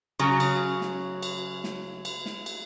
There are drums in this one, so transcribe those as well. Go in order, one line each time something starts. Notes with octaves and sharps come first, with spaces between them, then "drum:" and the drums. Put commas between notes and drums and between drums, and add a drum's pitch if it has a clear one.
C#3 F#3 C#4
drum: cymbal
drum: snare
drum: cymbal
drum: snare
drum: cymbal
drum: snare
drum: cymbal